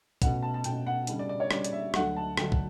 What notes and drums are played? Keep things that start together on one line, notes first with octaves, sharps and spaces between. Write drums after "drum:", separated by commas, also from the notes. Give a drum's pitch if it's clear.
B2 A3 C#4 F#5, drum: kick, hi-hat
A5
A5
B2 A3 C#4 G5, drum: hi-hat
F#5
C#3 G3 D4, drum: hi-hat
D5
D5
C#5
C#3 G3 D4 D5, drum: rim click
D5, drum: hi-hat
E5
D2 D3 F#3 A3 D4 F#5, drum: rim click
A5
D2 D3 F#3 A3 D4 G5, drum: rim click
drum: kick